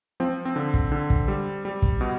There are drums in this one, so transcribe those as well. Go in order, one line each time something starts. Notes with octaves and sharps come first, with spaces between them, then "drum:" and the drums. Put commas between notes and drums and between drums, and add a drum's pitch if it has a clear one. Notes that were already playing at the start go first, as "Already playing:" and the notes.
F3 C4
C4
D3
drum: kick
D3
drum: kick
G3
G3
drum: kick
B2